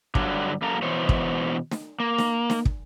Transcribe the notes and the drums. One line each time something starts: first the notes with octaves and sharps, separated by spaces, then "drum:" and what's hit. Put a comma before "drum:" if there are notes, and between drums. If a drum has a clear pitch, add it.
G2 D3 F#3 G3, drum: kick
F#2 A#3 A4 A#5
B2 E3 C5 C#5
drum: kick
drum: snare
A#3
drum: snare
drum: snare
drum: kick